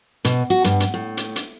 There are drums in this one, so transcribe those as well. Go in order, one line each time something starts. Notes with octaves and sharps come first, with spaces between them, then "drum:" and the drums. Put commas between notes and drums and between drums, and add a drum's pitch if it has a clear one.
B2, drum: hi-hat
F#4
G2, drum: hi-hat
drum: hi-hat
A2
drum: hi-hat
drum: hi-hat